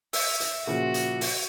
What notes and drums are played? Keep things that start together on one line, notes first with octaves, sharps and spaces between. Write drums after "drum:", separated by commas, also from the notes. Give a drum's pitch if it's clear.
E5, drum: open hi-hat
drum: hi-hat
A#2 C#3 F3 F#4
drum: hi-hat
drum: open hi-hat